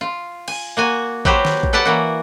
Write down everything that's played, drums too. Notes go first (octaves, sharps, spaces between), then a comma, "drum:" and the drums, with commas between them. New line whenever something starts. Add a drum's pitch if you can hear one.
F4
G#5, drum: cymbal
A#3 F#4 G#5
F#3 F#4 G4 B4 C5, drum: kick A1
drum: snare
drum: kick A1
A4 B4 D5 F#5 A5
E3 A#3 F#4